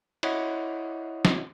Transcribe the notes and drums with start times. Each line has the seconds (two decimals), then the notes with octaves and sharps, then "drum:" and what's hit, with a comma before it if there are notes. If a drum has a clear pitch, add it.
0.23 E4 C#5 D#5 F#5, drum: cymbal
1.25 drum: snare